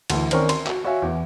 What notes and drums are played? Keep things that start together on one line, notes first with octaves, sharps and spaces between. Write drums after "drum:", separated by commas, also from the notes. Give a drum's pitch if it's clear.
D2 E3, drum: cymbal
D#3 C4 C#4 A#4 D5 C#6, drum: cymbal
C6, drum: cymbal
F#4, drum: clap
F#4 C#5 E5 F5 G#5
E2 E3